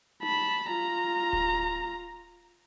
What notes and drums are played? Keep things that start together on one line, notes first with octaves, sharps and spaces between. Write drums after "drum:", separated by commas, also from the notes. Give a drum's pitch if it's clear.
A5 B5, drum: tom D#4
F4 A#5
drum: kick D1